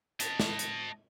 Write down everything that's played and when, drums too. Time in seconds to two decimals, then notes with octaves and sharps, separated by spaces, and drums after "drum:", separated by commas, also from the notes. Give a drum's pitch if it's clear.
0.20 D#5 A5, drum: hi-hat
0.40 drum: snare
0.59 drum: hi-hat